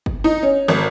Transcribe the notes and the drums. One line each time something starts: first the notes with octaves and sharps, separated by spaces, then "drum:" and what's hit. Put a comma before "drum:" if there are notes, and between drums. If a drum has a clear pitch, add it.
drum: kick
D#4
C#4
G#1